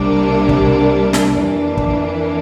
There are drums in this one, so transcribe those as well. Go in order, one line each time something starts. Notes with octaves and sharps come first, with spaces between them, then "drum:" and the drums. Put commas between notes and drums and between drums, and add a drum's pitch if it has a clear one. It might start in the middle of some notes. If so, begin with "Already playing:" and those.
Already playing: C2 C3 G3 A#3 D4
drum: kick
drum: snare
F2 E3 A#3 D4
drum: kick